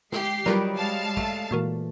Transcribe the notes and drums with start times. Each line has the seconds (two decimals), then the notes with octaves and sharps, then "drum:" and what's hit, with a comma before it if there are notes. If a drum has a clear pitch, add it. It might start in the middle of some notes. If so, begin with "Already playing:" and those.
0.12 G#3 G4 C7, drum: snare
0.46 D#3 F#3 G3 F4 A#4 B4 D5 A#5, drum: snare
0.78 G#3 F5 A5
1.17 A3, drum: kick
1.51 A#2 E3 A#3 F#4 A#4